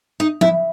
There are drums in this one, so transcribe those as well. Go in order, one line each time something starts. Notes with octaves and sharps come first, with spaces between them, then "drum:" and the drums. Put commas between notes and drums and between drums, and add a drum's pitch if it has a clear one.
D#4
E4, drum: tom F3